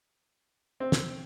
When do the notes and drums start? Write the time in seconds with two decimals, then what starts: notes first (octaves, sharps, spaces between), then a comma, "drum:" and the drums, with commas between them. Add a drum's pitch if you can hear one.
0.80 C4
0.92 drum: snare